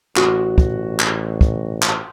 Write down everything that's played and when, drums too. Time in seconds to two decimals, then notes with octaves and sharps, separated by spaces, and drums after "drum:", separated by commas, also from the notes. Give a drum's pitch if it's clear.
0.16 A1 F#4, drum: clap
0.58 drum: kick
0.99 drum: clap
1.41 drum: kick
1.82 drum: clap